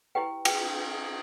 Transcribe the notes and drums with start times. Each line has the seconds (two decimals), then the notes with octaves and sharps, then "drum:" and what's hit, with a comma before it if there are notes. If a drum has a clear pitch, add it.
0.15 E4 G4 B4 G5
0.45 G5, drum: cymbal